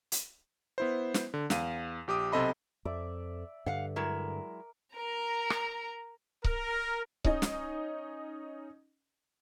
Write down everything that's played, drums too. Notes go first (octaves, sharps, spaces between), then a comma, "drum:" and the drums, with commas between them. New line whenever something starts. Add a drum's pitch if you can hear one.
drum: hi-hat
B3 E4 C5
drum: snare
D3
E2 F5 D#7, drum: snare
A#1 G4 D6 D#6
B1 C3 A4 D#5 B5 C6
F2 D5 E5 D6
G2 D3 F5 F#5
F#3 G#3 E4 A#4
A#4 A#5
drum: rim click
A#4, drum: kick C#1
C#4 D#4 D#5, drum: kick C#1
drum: snare